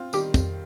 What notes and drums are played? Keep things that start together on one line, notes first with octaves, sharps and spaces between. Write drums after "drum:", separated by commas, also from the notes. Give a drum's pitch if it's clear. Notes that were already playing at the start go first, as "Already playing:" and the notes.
Already playing: C4 F4
D#3 G3 G4, drum: tambourine
F2, drum: kick, tambourine